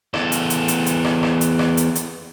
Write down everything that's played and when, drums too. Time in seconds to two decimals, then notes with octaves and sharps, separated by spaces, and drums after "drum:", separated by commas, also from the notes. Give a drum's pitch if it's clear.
0.14 E2 A4, drum: rim click
0.32 drum: hi-hat
0.50 drum: hi-hat
0.68 drum: hi-hat
0.86 drum: hi-hat
1.05 drum: rim click
1.23 drum: rim click
1.41 drum: hi-hat
1.59 drum: rim click
1.77 drum: hi-hat
1.95 drum: hi-hat